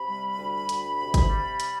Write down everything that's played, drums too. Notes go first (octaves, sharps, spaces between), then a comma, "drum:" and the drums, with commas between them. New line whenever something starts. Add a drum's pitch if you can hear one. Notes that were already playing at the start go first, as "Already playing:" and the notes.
Already playing: C3 B5
G3
D2
D2, drum: hi-hat
C3
drum: kick, hi-hat
G3
drum: hi-hat